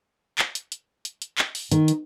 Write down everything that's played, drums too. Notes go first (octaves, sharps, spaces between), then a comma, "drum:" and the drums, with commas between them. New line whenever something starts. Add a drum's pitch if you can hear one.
drum: clap
drum: hi-hat
drum: hi-hat
drum: hi-hat
drum: hi-hat
drum: clap
drum: open hi-hat
D#3, drum: hi-hat
drum: hi-hat